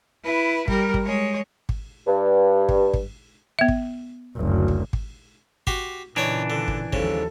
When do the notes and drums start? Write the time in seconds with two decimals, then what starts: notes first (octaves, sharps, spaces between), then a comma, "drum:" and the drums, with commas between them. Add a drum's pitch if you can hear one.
0.24 E4 B4
0.68 G3 A#4, drum: kick G#1
0.94 drum: kick G#1
1.04 G#3 C#5
1.69 drum: kick G#1
2.07 G2
2.69 drum: kick G#1
2.94 drum: kick G#1
3.59 B3 E5
3.68 drum: kick G#1
4.36 F#1 D2
4.68 drum: kick G#1
4.93 drum: kick G#1
5.67 F#4 G4 C6, drum: kick G#1
6.16 A#2 C#3 E3 D4 D#4 C#5 D#5
6.50 D3
6.68 drum: kick G#1
6.93 D#2 G#2 C#3 F3 A4, drum: kick G#1